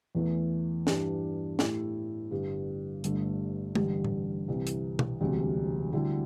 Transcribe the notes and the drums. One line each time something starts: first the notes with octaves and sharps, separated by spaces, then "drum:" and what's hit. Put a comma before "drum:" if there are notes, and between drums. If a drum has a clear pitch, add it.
E2 E3 A3
G2 E3 G3 D4, drum: snare
A2 A3 E4 G4, drum: snare
G1 G2 G3
G1 G2 D3 A3 D4, drum: hi-hat
A1 G2 D3 G3, drum: tom
drum: tom A2
C2 C3 E3
drum: hi-hat
drum: tom B2
E1 D2 C3 G3
D2 D3 G3 E4 G4